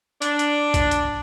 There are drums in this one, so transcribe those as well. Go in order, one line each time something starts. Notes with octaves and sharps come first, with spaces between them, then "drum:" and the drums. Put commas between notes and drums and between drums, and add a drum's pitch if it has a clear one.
D4, drum: hi-hat
drum: hi-hat
drum: kick B1, hi-hat
drum: hi-hat